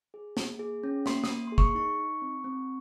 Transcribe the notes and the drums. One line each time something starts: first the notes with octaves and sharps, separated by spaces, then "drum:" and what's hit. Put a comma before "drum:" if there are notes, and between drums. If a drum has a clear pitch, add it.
G#4
A#3, drum: snare
G#4
C#4
A#3 C6, drum: snare
D#6, drum: snare
A#3
G#4 C6
C#6, drum: kick
D#4 C#6
D#4
C4
C4